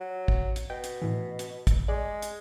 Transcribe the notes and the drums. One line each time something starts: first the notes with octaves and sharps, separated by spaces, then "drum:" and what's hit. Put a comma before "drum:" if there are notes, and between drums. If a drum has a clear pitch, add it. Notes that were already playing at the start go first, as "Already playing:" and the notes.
F#3
drum: kick
drum: hi-hat
B2 G5
drum: hi-hat
A2 E3
drum: hi-hat
drum: kick, hi-hat
G#3 D5
drum: hi-hat